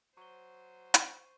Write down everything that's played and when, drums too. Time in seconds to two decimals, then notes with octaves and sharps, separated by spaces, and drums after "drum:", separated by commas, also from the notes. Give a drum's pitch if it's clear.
0.17 F#3 C5 C#6 G7
0.94 drum: hi-hat